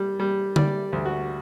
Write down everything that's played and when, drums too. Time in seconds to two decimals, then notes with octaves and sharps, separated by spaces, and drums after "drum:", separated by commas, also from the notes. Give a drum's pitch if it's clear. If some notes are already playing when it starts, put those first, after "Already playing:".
Already playing: G3
0.20 G3
0.56 G3 D5, drum: tom D3
0.93 D2
1.05 F#4